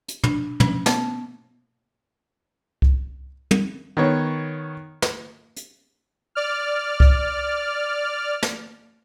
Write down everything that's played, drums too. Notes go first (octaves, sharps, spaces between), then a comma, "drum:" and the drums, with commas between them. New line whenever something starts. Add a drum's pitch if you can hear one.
drum: hi-hat
D4, drum: tom
C#4, drum: tom
B3, drum: snare
drum: kick C2
drum: tom
D#3 B3 C#5
drum: snare
drum: hi-hat
D5 F6
drum: kick C2
drum: snare